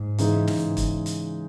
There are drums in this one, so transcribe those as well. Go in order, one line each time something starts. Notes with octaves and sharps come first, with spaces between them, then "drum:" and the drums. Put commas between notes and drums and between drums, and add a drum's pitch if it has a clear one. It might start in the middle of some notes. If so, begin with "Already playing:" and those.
Already playing: G#2
C#3 E3 G#3 D#4, drum: hi-hat
G#2, drum: snare
drum: kick, hi-hat
drum: hi-hat